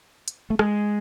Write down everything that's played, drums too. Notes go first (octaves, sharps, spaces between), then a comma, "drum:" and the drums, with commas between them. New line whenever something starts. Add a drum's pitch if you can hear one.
drum: hi-hat
A3
G#3, drum: rim click